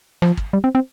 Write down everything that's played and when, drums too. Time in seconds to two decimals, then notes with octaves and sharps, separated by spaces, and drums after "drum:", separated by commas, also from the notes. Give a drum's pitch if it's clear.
0.22 F3, drum: rim click
0.37 drum: kick
0.53 G3
0.64 C4
0.75 C4